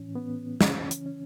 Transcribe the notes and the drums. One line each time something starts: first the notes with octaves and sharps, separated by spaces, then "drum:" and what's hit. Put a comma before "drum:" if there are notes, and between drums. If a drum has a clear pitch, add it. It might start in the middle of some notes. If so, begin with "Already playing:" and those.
Already playing: A2 E3 C#4
B3
C#3 E3 C#4, drum: snare
drum: hi-hat
C#4